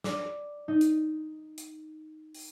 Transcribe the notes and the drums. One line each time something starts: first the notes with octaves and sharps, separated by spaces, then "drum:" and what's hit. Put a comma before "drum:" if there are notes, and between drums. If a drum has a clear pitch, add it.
D5, drum: snare
D#4
drum: hi-hat
drum: hi-hat
drum: open hi-hat